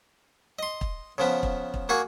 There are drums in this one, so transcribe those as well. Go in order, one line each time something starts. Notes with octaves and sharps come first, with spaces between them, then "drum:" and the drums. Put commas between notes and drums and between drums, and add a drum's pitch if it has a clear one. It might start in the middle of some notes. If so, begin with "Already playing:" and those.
D#5 C6
drum: kick
C#3 F3 B3
drum: kick
drum: kick
A#3 F#4 G#4 C#6